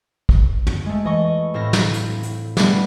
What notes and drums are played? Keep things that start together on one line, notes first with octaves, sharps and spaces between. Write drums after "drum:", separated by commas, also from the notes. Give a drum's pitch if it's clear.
drum: kick
drum: tom
G#3 A3
E3 D#5 C#6
A2 C4 E4 A4 F5 A#6
drum: snare
drum: hi-hat
drum: hi-hat
G3 A3 B3, drum: snare